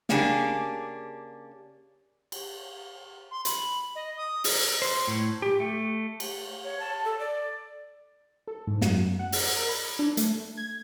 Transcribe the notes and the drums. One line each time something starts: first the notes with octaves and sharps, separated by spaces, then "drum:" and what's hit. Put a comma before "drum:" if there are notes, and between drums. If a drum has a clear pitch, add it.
C#3 A#3 C#4 D4 G4 G#4, drum: snare
drum: cymbal
C6
B5, drum: hi-hat
D#5
D#6
drum: open hi-hat
C5
A2
G4
A3
drum: cymbal
C#5
A5
A4
D5
A4
G#2
F#2, drum: snare
F#5
F#5, drum: open hi-hat
A#4
B5
D4
A3, drum: hi-hat
G#6